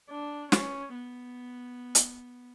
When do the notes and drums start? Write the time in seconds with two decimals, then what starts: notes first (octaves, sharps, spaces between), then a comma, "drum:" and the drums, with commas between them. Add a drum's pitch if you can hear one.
0.10 D4
0.52 C#4, drum: snare
0.95 B3
1.95 drum: hi-hat